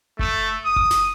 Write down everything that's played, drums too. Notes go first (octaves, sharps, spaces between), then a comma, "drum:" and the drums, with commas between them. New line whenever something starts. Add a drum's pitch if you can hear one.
A3, drum: kick F#1
D#6
drum: kick F#1
drum: snare